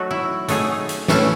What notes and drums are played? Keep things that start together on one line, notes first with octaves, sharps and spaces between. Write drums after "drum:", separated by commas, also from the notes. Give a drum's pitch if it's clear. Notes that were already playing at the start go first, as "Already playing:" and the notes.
Already playing: F#3 A3 D#4 F#4
E4
F#3 A3 D#4 G#4, drum: hi-hat
drum: hi-hat
A2 E3 A3 C#4 E4, drum: snare